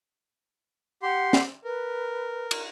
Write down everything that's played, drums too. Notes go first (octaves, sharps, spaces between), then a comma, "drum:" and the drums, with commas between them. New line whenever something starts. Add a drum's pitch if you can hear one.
G4 F#5 C6
drum: snare
A#4 B4
drum: cymbal